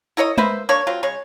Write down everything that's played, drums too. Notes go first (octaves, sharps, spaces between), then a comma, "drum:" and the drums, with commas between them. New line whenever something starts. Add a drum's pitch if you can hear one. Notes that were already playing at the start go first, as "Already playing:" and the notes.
E4 A#4 C#5 D#5
A#3 B4 C5 E5, drum: tom G#3
A#3 D4 C#5 C#6
F#3 C4 F4
C#3 G#3 C#5